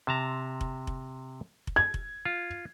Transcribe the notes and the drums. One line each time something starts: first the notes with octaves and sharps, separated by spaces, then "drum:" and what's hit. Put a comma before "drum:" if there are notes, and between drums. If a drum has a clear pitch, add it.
C3 A5 A#5
drum: kick F1
drum: kick F1
drum: kick F1
G#6
drum: kick F1
F4